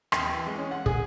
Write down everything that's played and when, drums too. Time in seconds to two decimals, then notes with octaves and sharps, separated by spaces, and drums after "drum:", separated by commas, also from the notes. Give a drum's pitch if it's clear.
0.12 D#2, drum: rim click
0.28 E3
0.46 G#3
0.58 C#4
0.71 F#5
0.86 G#4, drum: kick